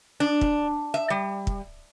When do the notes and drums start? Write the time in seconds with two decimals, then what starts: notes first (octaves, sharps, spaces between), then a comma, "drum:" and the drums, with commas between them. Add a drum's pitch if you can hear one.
0.20 D4
0.41 drum: kick
0.94 E5
1.10 G3
1.47 drum: kick